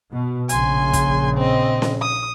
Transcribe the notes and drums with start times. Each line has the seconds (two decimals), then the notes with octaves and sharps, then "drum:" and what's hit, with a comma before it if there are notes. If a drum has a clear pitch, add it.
0.12 B2
0.49 A#1 C#3 G#5 C6, drum: hi-hat
0.93 drum: kick, hi-hat
1.36 C4 D#5
1.82 drum: snare C#4
2.01 D#6